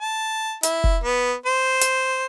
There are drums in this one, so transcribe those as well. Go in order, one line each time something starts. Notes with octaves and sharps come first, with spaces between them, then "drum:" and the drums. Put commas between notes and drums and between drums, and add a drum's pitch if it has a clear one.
A5
E4, drum: hi-hat
drum: kick
B3
C5
drum: hi-hat